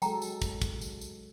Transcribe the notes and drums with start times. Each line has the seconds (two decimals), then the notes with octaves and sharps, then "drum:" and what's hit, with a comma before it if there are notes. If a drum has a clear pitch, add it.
0.02 F#3 G#3 A4 G5 A#5, drum: tambourine
0.22 drum: tambourine
0.42 drum: kick, tambourine
0.62 drum: kick, tambourine
0.81 drum: tambourine
1.01 drum: tambourine